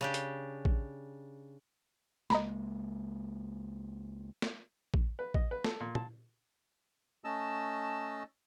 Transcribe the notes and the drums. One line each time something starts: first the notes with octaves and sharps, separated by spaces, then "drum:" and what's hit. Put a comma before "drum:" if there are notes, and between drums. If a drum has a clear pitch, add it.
C#3 D4 G4
drum: hi-hat
drum: kick
C#2 G#3 A#3 D#5 A#5 B5, drum: snare
drum: snare
drum: kick
B4
D#5, drum: kick
B4
A4, drum: snare
A#2
A5, drum: tom
A3 C#4 D#5 A5 E6